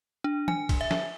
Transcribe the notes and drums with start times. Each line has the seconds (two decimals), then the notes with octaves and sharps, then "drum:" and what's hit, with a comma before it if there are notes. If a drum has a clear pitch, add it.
0.24 D4
0.48 G#5, drum: tom E3
0.69 drum: kick, cymbal
0.81 E5
0.91 drum: snare